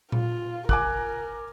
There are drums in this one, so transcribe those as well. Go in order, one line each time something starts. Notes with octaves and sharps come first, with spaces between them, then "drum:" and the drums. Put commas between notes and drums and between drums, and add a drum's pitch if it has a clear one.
F4, drum: tom A#2
A#4 G#5 D6 F#6, drum: kick